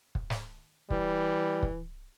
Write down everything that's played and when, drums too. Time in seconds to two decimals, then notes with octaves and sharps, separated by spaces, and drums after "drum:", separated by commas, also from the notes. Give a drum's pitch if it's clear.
0.15 drum: kick
0.30 drum: snare
0.90 E3 G3, drum: kick
1.63 drum: kick